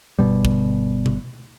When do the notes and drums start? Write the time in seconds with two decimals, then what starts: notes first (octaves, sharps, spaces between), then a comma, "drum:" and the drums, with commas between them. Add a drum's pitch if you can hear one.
0.19 G1 D#2 B2 G3
0.45 drum: kick
1.06 drum: tom B2